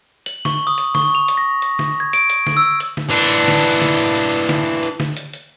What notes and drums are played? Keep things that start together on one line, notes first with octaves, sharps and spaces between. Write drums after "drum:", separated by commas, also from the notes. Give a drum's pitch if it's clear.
F#7, drum: hi-hat
C#6, drum: snare
D#6
drum: hi-hat
C#6, drum: snare
F7
drum: hi-hat
A#6
drum: hi-hat
drum: snare
G#6
D7, drum: hi-hat
drum: hi-hat
drum: snare
E6
drum: hi-hat
drum: snare
E3 D4
drum: hi-hat
drum: snare
drum: hi-hat
drum: snare
drum: hi-hat
drum: hi-hat
drum: hi-hat
drum: snare
drum: hi-hat
drum: hi-hat
drum: snare
drum: hi-hat
drum: hi-hat